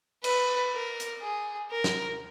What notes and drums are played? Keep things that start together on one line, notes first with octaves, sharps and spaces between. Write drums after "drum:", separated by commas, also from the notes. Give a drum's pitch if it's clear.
B4, drum: cymbal
A#4
drum: hi-hat
G#4
A#4
drum: snare